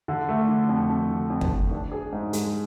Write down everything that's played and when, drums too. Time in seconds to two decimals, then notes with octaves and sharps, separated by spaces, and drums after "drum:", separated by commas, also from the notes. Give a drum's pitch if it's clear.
0.08 D3
0.28 A3
0.49 D3
0.69 F2
0.90 F2
1.11 D3
1.30 F2
1.41 drum: kick
1.51 F2
1.71 D4
1.92 G#4
2.12 G#2
2.33 G#3, drum: hi-hat